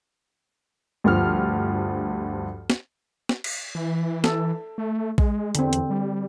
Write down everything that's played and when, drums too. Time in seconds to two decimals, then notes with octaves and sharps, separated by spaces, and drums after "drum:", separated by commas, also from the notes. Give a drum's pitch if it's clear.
1.04 D2 G2 F3 F6
2.70 drum: snare
3.29 drum: snare
3.44 drum: cymbal
3.75 E3
4.24 A4, drum: snare
4.78 A3
5.18 G#3, drum: kick A#1
5.55 E2 D3 C4, drum: hi-hat
5.73 drum: hi-hat
5.90 G3